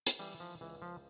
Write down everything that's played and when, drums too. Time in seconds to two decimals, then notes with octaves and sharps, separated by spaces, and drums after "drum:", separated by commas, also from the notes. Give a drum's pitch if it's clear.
0.07 drum: hi-hat
0.19 E3 G3
0.40 F3
0.61 C#2 E3
0.82 F3